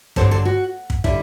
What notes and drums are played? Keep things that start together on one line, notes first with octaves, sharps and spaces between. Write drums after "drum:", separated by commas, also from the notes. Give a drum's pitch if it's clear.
G2 D3 F#3 C4 A4 C5, drum: kick
A4 C5
F#4
drum: kick
D3 G3 E4, drum: kick